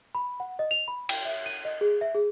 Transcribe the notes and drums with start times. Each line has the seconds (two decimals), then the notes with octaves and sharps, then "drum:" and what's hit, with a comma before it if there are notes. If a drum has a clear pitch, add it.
0.15 B5
0.40 F#5
0.59 D#5
0.71 F7
0.88 B5
1.09 G5, drum: cymbal
1.25 E5
1.46 D#7
1.65 D#5
1.81 G#4
2.01 E5
2.14 G#4